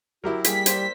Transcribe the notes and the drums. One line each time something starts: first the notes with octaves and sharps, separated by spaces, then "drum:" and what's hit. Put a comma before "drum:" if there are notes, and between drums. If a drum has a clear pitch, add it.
F#3 E4 F#4 G4 A#4
G3 A#3 G#4 G5 B6, drum: hi-hat
A#3 C5 D5, drum: hi-hat